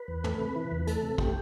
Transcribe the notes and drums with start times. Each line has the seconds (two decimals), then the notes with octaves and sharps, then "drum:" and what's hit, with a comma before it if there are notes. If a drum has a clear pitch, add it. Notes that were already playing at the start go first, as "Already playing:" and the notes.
Already playing: B4
0.08 E2
0.24 A3, drum: tom
0.39 C3
0.56 E3
0.72 E2
0.87 A3 A4, drum: hi-hat
1.03 C3
1.18 A3 G4, drum: kick